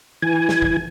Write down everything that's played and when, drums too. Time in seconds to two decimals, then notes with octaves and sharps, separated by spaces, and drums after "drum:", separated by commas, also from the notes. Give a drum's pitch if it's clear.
0.22 E3 G#5
0.49 drum: snare
0.62 drum: kick